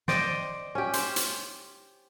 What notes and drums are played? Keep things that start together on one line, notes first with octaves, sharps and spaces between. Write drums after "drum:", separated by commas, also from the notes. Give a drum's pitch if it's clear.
C5 D5 D#5 G5, drum: snare
C#4 G4
C5, drum: hi-hat
drum: hi-hat